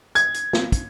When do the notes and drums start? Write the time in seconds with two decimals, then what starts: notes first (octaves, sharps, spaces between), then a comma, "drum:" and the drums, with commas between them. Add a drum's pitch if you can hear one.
0.15 G#6, drum: hi-hat
0.34 drum: hi-hat
0.53 drum: snare
0.72 drum: kick, hi-hat